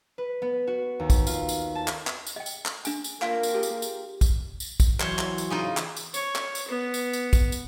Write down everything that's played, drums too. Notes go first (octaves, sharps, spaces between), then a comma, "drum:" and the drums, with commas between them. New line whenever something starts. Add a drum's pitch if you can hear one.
B4
B3
F#4
D#2
drum: kick, tambourine
F4, drum: tambourine
drum: tambourine
A5
drum: clap
drum: clap
drum: tambourine
D#5 G5
drum: tambourine
drum: clap
D4 G#5, drum: tambourine
drum: tambourine
A#3 F4 A#4 F5 G5 A5, drum: clap
drum: tambourine
F4 G4 G#4
drum: tambourine
drum: tambourine
drum: kick, tambourine
drum: tambourine
drum: kick, tambourine
E3 F#3 C5 C#5, drum: clap
drum: clap
drum: tambourine
C#3 D#4 F4
drum: clap
drum: tambourine
C#5, drum: tambourine
drum: clap
drum: tambourine
B3
drum: tambourine
drum: tambourine
drum: kick, tambourine
drum: tambourine